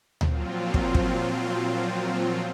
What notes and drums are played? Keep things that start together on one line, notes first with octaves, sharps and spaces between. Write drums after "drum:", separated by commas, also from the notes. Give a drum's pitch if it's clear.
A#2 F3 F#3 C4 F4, drum: tom D2
drum: kick
drum: kick